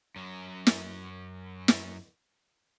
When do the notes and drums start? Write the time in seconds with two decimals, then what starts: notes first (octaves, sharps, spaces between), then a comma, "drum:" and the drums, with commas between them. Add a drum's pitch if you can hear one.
0.16 F#2 F#3
0.67 drum: snare
1.68 drum: snare